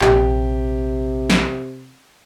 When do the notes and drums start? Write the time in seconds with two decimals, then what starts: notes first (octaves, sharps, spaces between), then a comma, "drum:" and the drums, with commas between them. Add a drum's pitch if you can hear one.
0.01 A#1 C3 G4, drum: clap
1.30 drum: snare